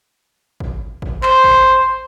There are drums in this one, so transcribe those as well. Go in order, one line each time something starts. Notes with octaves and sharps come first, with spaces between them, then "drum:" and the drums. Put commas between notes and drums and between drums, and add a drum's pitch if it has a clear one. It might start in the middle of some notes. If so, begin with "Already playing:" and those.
drum: kick
drum: kick
C5, drum: clap
drum: kick